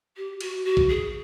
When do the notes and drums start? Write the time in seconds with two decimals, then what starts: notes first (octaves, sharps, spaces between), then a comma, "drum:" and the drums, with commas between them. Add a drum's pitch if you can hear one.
0.17 G4
0.41 F#4, drum: cymbal
0.65 F#4
0.77 drum: kick A#1
0.89 G#4